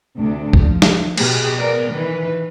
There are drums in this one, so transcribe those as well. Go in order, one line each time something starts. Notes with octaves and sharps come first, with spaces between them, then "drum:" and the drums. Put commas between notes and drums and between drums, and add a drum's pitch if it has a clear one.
D2 C3 A3 D4
F3, drum: kick
drum: snare
B2 G4 G#4, drum: cymbal
B3 A#4 D5
D#3 E3 B4